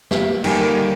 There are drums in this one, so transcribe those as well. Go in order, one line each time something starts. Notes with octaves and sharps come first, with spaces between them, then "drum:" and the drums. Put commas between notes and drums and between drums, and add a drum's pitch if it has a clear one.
A#3 G4 E5, drum: snare
D3 D#3 G3 A#3 G5 G#5, drum: cymbal